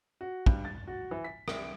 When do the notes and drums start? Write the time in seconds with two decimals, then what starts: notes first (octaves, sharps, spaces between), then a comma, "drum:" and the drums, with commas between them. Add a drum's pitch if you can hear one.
0.21 F#4
0.46 G2, drum: kick
0.65 A6
0.87 F#4
1.11 E3
1.24 B6
1.48 C2, drum: rim click